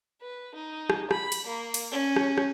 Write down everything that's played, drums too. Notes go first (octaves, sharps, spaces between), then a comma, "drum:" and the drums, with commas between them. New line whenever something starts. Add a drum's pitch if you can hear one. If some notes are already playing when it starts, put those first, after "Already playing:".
B4
D#4
drum: rim click
B5, drum: rim click
drum: cymbal
A#3
drum: cymbal
C#4
drum: rim click
drum: rim click